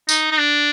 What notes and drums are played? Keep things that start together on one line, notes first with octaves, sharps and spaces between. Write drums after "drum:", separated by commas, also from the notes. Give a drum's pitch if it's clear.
D#4, drum: tambourine
D#4
D4